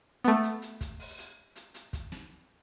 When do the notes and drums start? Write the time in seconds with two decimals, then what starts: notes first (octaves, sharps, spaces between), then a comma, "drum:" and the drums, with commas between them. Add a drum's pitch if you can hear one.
0.24 A3 B3, drum: hi-hat
0.43 drum: hi-hat
0.62 drum: hi-hat
0.81 drum: kick, hi-hat
0.99 drum: open hi-hat
1.18 drum: hi-hat
1.56 drum: hi-hat
1.74 drum: hi-hat
1.93 drum: kick, hi-hat
2.12 drum: snare